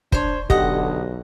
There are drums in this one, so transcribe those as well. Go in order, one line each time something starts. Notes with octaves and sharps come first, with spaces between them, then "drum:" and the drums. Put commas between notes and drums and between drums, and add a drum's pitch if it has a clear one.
D4 C5 C#5, drum: kick
B1 D3 G4 D#5 F#5, drum: kick